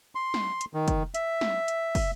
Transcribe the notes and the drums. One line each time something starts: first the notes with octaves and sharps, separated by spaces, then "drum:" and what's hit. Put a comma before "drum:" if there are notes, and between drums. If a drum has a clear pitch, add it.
C6
drum: snare
drum: hi-hat
D#3
drum: kick, hi-hat
E5, drum: hi-hat
drum: snare
drum: hi-hat
drum: kick, open hi-hat